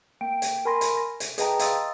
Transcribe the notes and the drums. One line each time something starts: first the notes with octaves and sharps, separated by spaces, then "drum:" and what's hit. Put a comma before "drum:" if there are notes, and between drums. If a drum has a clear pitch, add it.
A#3 G5 D7
drum: hi-hat
A#4 G#5 B5 C6 A#6
drum: hi-hat
A#6
drum: hi-hat
G#4 B4 D#5 G5 A5 A#5, drum: hi-hat
D#5 F5 C6 D#6 E6 A6, drum: hi-hat